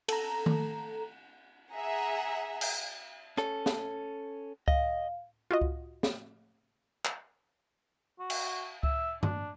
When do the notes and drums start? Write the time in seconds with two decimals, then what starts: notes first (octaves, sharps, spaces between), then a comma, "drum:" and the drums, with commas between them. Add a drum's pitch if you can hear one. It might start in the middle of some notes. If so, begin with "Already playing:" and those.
0.08 A4 A#5, drum: cymbal
0.46 drum: tom D#3
1.72 G#4 E5 F#5 G#5 A#5
2.61 drum: cymbal
3.37 C#4 A4, drum: rim click
3.66 drum: snare
4.68 D#5 F5, drum: kick C#2
5.51 F4 F#4 D#5
5.61 drum: kick C#2
6.03 drum: snare
7.05 drum: clap
8.20 F#4
8.30 drum: cymbal
8.83 E5, drum: kick C#2
9.23 D4, drum: tom G2